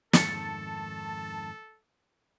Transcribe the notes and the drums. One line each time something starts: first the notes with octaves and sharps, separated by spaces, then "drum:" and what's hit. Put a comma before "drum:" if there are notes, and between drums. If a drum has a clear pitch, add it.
F2 G#2 D#3 A4 A5 A6 C#7, drum: snare